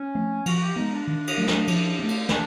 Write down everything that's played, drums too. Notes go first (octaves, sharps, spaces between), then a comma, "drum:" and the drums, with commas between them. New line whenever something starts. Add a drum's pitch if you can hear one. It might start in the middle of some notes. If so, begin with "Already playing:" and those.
Already playing: C#4
F3 A3 C4
F3 F#4, drum: cymbal
G4
G#3 B3 D#4
D4
D#3
drum: cymbal
F#3 A3
drum: snare
F3, drum: cymbal
A3 C4
drum: cymbal
E3 D4, drum: snare